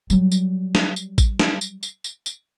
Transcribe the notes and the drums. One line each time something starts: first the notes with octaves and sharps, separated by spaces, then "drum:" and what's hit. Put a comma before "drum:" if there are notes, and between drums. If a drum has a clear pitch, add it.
F#3 G3, drum: tambourine
drum: tambourine
drum: snare
drum: tambourine
drum: kick A1, tambourine
drum: snare
drum: tambourine
drum: tambourine
drum: tambourine
drum: tambourine